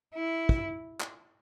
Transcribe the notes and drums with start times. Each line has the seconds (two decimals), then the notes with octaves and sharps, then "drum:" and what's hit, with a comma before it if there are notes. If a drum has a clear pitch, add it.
0.15 E4
0.49 drum: kick
1.01 drum: clap